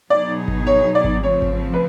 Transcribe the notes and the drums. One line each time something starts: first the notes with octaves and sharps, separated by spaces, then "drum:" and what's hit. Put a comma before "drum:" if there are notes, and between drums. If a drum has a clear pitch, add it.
B2 F#3 B3 D#4 G#4 D5
drum: kick G#1
C#5
D5
drum: kick G#1
C#3 F3 A3 C4 C#5
drum: kick G#1
B4